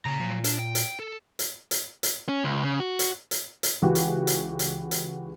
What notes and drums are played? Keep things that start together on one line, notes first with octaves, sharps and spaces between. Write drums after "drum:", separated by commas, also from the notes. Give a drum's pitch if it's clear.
A#2 C#3 A#5
F3 F#3
D4, drum: hi-hat
G5
drum: hi-hat
A4
drum: hi-hat
drum: hi-hat
drum: hi-hat
C#4
C#2
C#3
F#4
drum: hi-hat
drum: hi-hat
drum: hi-hat
C#2 E3 F#4 G4
drum: hi-hat
drum: hi-hat
drum: hi-hat
drum: hi-hat